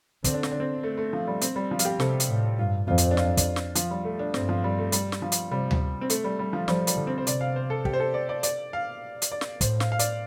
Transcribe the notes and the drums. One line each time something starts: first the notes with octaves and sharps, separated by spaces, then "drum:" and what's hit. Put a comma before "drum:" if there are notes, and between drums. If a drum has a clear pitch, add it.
D3 C4, drum: kick, hi-hat
D4
C4, drum: snare
D4
C4
A3
A3
F3
G3
C4, drum: hi-hat
G3
F3
F4, drum: hi-hat
G4
C3 A4, drum: snare
drum: hi-hat
A2
G2 F4
F2 F4
drum: hi-hat
D4
F4, drum: snare
D4, drum: kick, hi-hat
drum: snare
F3, drum: hi-hat
G3
A3
D4
G2 C4, drum: snare
F3
G3
A3
G3, drum: hi-hat
drum: snare
F3
drum: hi-hat
C3 G3
drum: tom D2
C4
A3, drum: hi-hat
G3
G3
F3
F3 G3, drum: snare
G3, drum: hi-hat
D3
C4
C5
C3 D5, drum: hi-hat
F5
C5
A4
G4, drum: kick
C5
A4
D5
D5
D5, drum: hi-hat
F5
drum: hi-hat
D5
drum: snare
A2 C5, drum: kick, hi-hat
F5, drum: snare
F5
D5, drum: hi-hat